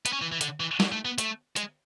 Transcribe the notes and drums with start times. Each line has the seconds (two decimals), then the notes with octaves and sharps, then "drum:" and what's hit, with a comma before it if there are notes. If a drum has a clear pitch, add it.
0.06 B3, drum: hi-hat
0.13 C#4
0.22 E3
0.32 E3
0.41 D3, drum: hi-hat
0.60 E3
0.80 F#3, drum: snare
0.92 A3
1.05 B3
1.18 A3, drum: hi-hat
1.56 G#3, drum: hi-hat